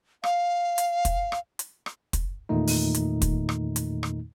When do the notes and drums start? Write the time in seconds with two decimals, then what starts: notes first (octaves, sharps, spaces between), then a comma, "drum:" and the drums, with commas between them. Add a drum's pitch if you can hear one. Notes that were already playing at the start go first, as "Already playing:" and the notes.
0.24 F5, drum: rim click
0.78 drum: hi-hat
1.05 drum: kick, hi-hat
1.32 drum: rim click
1.59 drum: hi-hat
1.86 drum: rim click
2.13 drum: kick, hi-hat
2.49 E2 A#2 D#3 A3 D#4
2.67 drum: open hi-hat
2.94 drum: hi-hat
3.22 drum: kick, hi-hat
3.49 drum: rim click
3.76 drum: hi-hat
4.03 drum: rim click